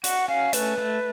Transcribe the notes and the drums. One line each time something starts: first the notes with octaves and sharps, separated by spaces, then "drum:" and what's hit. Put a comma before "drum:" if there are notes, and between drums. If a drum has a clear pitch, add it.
F#4 F#5, drum: hi-hat
C#4 F5
A3 B4, drum: hi-hat
A3